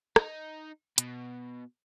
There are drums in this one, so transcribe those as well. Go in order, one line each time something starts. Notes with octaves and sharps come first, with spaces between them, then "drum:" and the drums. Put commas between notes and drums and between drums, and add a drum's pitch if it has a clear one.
D#4, drum: rim click
B2, drum: hi-hat